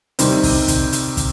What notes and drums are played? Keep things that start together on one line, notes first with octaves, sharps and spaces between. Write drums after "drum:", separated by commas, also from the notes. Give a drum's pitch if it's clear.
C3 D#3 G3 C4, drum: hi-hat
drum: kick, open hi-hat
drum: kick, hi-hat
drum: hi-hat
drum: kick, hi-hat